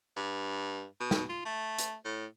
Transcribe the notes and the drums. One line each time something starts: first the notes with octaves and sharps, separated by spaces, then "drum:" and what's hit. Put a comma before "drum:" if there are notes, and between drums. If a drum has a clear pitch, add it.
G2
B2
drum: snare
F4
A3
drum: hi-hat
A2